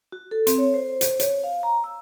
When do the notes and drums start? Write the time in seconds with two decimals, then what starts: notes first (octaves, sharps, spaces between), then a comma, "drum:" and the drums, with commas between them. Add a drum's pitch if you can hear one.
0.12 F#4
0.31 A4
0.47 C4, drum: hi-hat
0.58 C#5
0.74 C5
1.01 drum: hi-hat
1.20 C#5, drum: hi-hat
1.44 F5
1.63 A#5
1.84 E6